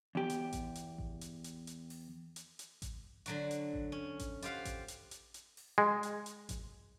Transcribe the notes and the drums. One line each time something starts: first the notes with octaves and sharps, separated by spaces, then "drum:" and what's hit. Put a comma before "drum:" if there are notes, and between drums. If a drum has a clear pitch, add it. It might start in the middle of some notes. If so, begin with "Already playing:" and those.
E2 G4
drum: hi-hat
drum: kick A1, hi-hat
drum: hi-hat
drum: kick A1
drum: hi-hat
drum: hi-hat
drum: hi-hat
drum: open hi-hat
drum: hi-hat
drum: hi-hat
drum: kick A1, hi-hat
D3 F#3 F#4, drum: hi-hat
drum: hi-hat
drum: kick A1
C#4
drum: kick A1, hi-hat
F4 G4 C5 F5 F#5, drum: hi-hat
drum: kick A1, hi-hat
drum: hi-hat
drum: hi-hat
drum: hi-hat
drum: open hi-hat
G#3
drum: hi-hat
drum: hi-hat
drum: kick A1, hi-hat